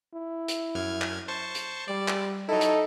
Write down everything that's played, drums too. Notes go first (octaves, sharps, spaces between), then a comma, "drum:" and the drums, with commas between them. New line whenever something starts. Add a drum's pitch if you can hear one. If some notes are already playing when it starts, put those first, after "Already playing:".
E4
drum: hi-hat
F#2 F6 G#6
drum: clap
C5 A5 C#6
drum: hi-hat
G3 D5
drum: clap
F#3 D#4 E4 A4
drum: hi-hat